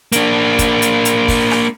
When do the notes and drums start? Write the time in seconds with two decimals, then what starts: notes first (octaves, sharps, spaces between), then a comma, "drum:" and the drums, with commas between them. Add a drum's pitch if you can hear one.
0.12 A#3 D4, drum: hi-hat
0.59 drum: kick, hi-hat
0.82 drum: hi-hat
1.05 drum: hi-hat
1.28 drum: kick, open hi-hat
1.51 drum: rim click